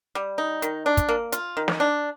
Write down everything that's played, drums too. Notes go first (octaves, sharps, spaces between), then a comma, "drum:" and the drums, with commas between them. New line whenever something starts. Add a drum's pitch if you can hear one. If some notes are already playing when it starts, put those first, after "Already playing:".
G3
D#4
D#3, drum: hi-hat
D4
drum: kick, hi-hat
A#3
F4, drum: hi-hat
D#3
drum: snare
D4